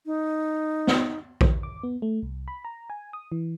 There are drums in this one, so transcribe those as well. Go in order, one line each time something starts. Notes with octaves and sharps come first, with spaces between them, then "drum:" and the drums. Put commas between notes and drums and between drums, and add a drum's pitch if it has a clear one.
D#4
drum: snare B3
drum: kick A#1
D6
B3
A3
C2
B5
A#5
G#5
D#6
E3